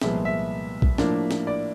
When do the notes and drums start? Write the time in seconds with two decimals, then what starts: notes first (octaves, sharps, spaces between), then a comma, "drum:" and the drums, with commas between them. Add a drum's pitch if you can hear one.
0.02 C2 A#2 F3 G#3 B3 E5, drum: snare
0.25 E5
0.82 drum: kick B1
0.98 A2 F3 A#3 D4, drum: snare
1.31 drum: snare
1.47 D5